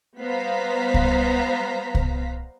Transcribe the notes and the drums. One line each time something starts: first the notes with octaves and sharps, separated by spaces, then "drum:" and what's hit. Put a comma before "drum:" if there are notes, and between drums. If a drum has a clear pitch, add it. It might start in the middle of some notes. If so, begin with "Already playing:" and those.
G3 B3 C5 F5 A#5 B6
drum: kick C2
drum: kick C2